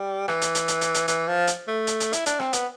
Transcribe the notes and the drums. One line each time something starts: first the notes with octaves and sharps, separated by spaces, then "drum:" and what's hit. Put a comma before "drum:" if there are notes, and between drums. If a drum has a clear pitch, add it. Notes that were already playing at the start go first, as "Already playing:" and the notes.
Already playing: G3
E3, drum: rim click
drum: hi-hat
drum: hi-hat
drum: hi-hat
drum: hi-hat
drum: hi-hat
E3, drum: hi-hat
F3
drum: hi-hat
A3
drum: hi-hat
drum: hi-hat
E4, drum: hi-hat
D4, drum: hi-hat
C4, drum: rim click
B3, drum: hi-hat